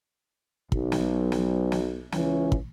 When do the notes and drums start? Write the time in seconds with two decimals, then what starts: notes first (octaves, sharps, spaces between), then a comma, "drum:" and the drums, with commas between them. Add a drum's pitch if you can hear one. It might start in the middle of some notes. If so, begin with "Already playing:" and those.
0.72 B1, drum: kick
0.92 drum: snare
1.32 drum: snare
1.72 drum: snare
2.12 C#2 E3 C#4, drum: snare
2.52 drum: kick